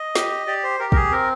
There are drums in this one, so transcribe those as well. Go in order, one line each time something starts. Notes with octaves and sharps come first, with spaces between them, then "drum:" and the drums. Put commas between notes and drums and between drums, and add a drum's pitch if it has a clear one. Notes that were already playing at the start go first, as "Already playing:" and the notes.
Already playing: D#5
G4, drum: snare
G4 D5
C5
G4 A#4
A#4, drum: kick
G#4
C4 A#4